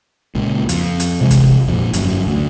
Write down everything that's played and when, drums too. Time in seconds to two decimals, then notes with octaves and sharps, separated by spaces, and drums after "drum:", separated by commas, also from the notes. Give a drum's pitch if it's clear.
0.35 C#2 A#2
0.69 F2, drum: hi-hat
1.00 drum: hi-hat
1.21 C3 E3 G#3
1.31 drum: kick, hi-hat
1.68 F2 A#2
1.93 G1 F#2, drum: hi-hat
2.27 D2